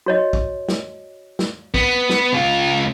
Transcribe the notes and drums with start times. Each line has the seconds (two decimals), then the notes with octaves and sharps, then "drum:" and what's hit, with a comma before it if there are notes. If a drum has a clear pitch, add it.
0.06 F#4 C#5 D#5
0.33 drum: kick
0.69 drum: snare
1.39 drum: snare
1.74 B3, drum: kick
2.10 drum: snare
2.33 C#2 F4